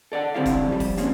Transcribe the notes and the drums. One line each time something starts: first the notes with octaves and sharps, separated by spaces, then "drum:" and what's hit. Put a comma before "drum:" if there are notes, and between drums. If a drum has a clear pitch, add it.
A4 D5 E5 F#5
D3 C4 E4 G4 D5 F5
drum: kick, hi-hat
F3 G3
drum: kick, open hi-hat
G#3 A#3 C4 C#4, drum: hi-hat